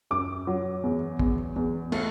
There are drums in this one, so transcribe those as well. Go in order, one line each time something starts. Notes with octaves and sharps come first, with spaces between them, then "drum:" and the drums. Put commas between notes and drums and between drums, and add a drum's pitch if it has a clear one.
F#2 D6
F#3
E2
E2, drum: kick
E2
A3, drum: cymbal